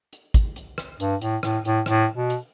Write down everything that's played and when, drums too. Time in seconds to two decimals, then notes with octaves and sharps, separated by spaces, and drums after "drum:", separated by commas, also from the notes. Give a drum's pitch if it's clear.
0.13 drum: hi-hat
0.34 drum: kick, hi-hat
0.56 drum: hi-hat
0.78 drum: rim click
1.00 G2, drum: hi-hat
1.21 A2, drum: hi-hat
1.43 A2, drum: rim click
1.65 A2, drum: hi-hat
1.86 A2, drum: rim click
2.16 B2
2.30 drum: hi-hat